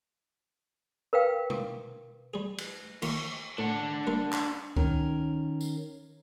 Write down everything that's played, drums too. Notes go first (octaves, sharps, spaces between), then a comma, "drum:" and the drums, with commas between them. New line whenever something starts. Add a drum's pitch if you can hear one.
A#4 B4 F5 G5
drum: tom B2
G3 G#4
drum: cymbal
D#3 A#3 F4, drum: cymbal
A2 D4 F#5
G3 A#3 F5
drum: clap
D#3 C#4 A#4, drum: kick C#2
drum: tambourine